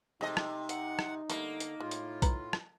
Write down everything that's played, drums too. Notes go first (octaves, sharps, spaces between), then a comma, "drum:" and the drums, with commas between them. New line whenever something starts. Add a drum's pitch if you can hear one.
C3 G#3 A3 D#4 D#5
drum: rim click
F#5, drum: hi-hat
drum: rim click
D3 G3 A3 A#3, drum: hi-hat
drum: hi-hat
A2 G#3 F4
drum: hi-hat
B4 A#5, drum: kick B1, hi-hat
drum: rim click